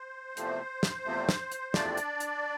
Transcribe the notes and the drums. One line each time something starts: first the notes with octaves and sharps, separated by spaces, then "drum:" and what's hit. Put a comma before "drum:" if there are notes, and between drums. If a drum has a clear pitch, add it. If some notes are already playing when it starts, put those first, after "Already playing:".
Already playing: C5
E2 C3 F3 A3 C4, drum: hi-hat
drum: snare
E2 C3 F3 A3 C4
drum: snare
drum: hi-hat
E2 C3 F3 A3 C4 D4 D5, drum: snare
drum: hi-hat
drum: hi-hat